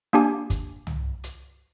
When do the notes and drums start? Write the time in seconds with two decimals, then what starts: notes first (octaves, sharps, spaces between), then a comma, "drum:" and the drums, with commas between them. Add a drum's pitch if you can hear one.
0.13 A#3 D4 G4 G#5
0.50 drum: kick, hi-hat
0.87 drum: tom
1.24 drum: hi-hat